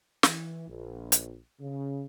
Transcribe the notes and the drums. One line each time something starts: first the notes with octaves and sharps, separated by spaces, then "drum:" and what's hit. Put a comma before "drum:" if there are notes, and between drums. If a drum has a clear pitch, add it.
E3, drum: snare
A#1
drum: hi-hat
C#3